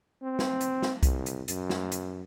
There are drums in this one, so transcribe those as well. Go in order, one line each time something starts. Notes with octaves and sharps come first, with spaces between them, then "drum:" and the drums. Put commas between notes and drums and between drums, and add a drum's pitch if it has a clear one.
C4
drum: snare
drum: hi-hat
drum: snare
C2, drum: kick C2, hi-hat
drum: hi-hat
F#2, drum: hi-hat
drum: snare
drum: hi-hat